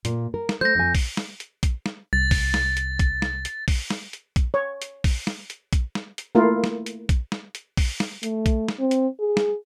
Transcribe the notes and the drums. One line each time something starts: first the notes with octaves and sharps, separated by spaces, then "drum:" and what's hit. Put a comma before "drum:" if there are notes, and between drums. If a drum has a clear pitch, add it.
A#2, drum: hi-hat
A#4
drum: snare
A3 C5 G6 A#6
F2 G#5
drum: kick A#1, open hi-hat
drum: snare
drum: hi-hat
drum: kick A#1, hi-hat
drum: snare
C2 A6
drum: kick A#1, open hi-hat
drum: snare
drum: hi-hat
drum: kick A#1, hi-hat
drum: snare
drum: hi-hat
drum: kick A#1, open hi-hat
drum: snare
drum: hi-hat
drum: kick A#1, hi-hat
C#5
drum: hi-hat
drum: kick A#1, open hi-hat
drum: snare
drum: hi-hat
drum: kick A#1, hi-hat
drum: snare
drum: hi-hat
A3 A#3 E4 F4 A#4
drum: snare
drum: hi-hat
drum: kick A#1, hi-hat
drum: snare
drum: hi-hat
drum: kick A#1, open hi-hat
drum: snare
A3, drum: hi-hat
drum: kick A#1, hi-hat
drum: snare
C4
drum: hi-hat
G#4
drum: snare